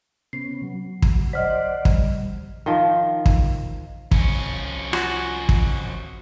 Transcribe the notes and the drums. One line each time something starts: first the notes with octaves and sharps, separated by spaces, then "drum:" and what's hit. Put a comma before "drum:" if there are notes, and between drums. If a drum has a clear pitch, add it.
C3 B3 C#4 C7
F#3
drum: kick
C5 D5 D#5 F#5 F6 B6
G3, drum: kick
D#3 F3
drum: kick
C2 F2 C#4, drum: kick
F4 F#4 A#6, drum: rim click
drum: kick